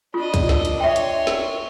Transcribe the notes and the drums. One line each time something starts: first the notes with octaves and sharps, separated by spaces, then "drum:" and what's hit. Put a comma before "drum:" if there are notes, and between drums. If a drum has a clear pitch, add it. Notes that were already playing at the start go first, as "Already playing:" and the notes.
D4 F4 D#5
drum: kick C2, hi-hat
drum: snare
drum: hi-hat
C#5 E5 G5 C6
drum: hi-hat
drum: snare